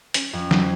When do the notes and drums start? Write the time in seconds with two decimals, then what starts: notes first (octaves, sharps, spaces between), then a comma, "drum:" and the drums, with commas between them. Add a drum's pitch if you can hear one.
0.14 C#4, drum: hi-hat
0.33 F2
0.51 F#3, drum: snare